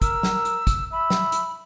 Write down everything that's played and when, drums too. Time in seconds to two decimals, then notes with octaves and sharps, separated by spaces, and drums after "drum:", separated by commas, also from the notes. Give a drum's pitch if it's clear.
0.02 A#4 E6, drum: kick, hi-hat
0.23 drum: snare
0.45 drum: hi-hat
0.67 drum: kick, hi-hat
0.92 E5 B5
1.10 drum: snare
1.32 drum: hi-hat